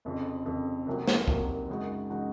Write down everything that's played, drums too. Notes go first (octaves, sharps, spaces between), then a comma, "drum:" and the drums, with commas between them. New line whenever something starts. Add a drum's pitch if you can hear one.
F1 F2 C#3
F1 F2 C#3
C2 C3 D#3 F#3 A#3
drum: snare
C2 C3 D#3 F#3 A#3, drum: kick C2
F#2 C#3 G#3 D#4 F#4
C#3 G#3 D#4 F#4